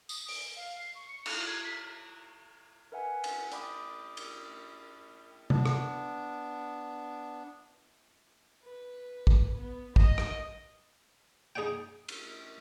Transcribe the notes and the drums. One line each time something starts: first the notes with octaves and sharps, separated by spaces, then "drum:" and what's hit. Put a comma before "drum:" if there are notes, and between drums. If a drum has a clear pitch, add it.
D#6, drum: tambourine
D7, drum: open hi-hat
F5
C7
C#6
C#7
F7, drum: cymbal
G#6
B6
A#4 B4 E5 F#5 G#5
drum: cymbal
D5 G5 B5 D6 D#6, drum: hi-hat
drum: cymbal
B3 D4, drum: tom C3
drum: rim click
B4
drum: kick
B3
D#5, drum: kick
drum: rim click
D#4 G#4 D5 F#5 G5
drum: cymbal